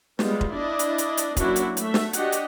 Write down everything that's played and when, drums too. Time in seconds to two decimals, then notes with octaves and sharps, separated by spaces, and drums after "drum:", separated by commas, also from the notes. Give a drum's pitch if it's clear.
0.19 G3 G#3 B3 F4, drum: snare
0.41 drum: kick
0.53 D4 E4 D5 D#5
0.79 drum: hi-hat
0.98 drum: hi-hat
1.17 drum: hi-hat
1.37 F#3 A#3 C#4 D4 E4 F#4, drum: kick, hi-hat
1.56 drum: hi-hat
1.77 A3 F#4 E5, drum: hi-hat
1.94 drum: snare
2.13 D4 F#4 G4 D#5 F#5, drum: hi-hat
2.32 drum: hi-hat